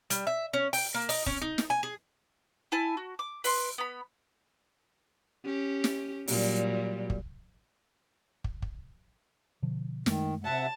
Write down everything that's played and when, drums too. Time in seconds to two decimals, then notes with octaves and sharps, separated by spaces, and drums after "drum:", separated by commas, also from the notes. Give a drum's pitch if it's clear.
0.10 G3, drum: hi-hat
0.27 E5
0.53 C#4
0.73 G5, drum: open hi-hat
0.94 A#3
1.09 D#4, drum: open hi-hat
1.26 C#4, drum: kick
1.42 D#4
1.58 drum: snare
1.70 G#5
1.83 G#4
2.72 E4 G#5 A5
2.97 F#4
3.19 D6
3.44 B4 C6, drum: open hi-hat
3.78 B3 B5
5.45 C#4 G4
5.84 drum: snare
6.28 A#2 F#3 G3, drum: open hi-hat
7.10 drum: kick
8.44 drum: kick
8.62 drum: kick
9.62 B2 D3 F3
10.06 F#2 D#3 G#3 A3, drum: snare
10.44 C3 E5 F#5 A5